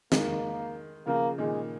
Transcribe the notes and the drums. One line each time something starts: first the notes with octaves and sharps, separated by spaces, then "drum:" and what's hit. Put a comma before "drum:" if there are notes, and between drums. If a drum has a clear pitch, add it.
D#3 G#3 A#3, drum: snare
C#3 F3 A#3
A#2 D#3 G#3